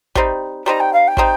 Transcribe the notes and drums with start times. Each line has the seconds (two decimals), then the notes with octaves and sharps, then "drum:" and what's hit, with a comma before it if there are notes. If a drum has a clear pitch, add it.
0.15 G3 C4 D#4, drum: kick
0.66 G3 C4 D#4 A#5
0.80 G5
0.93 F5
1.07 G5
1.17 G3 C4 D#4, drum: kick